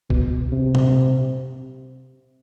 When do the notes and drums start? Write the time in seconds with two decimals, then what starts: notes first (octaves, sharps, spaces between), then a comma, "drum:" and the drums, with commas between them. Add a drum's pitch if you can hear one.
0.10 B2, drum: kick
0.52 C3
0.75 drum: tom A#2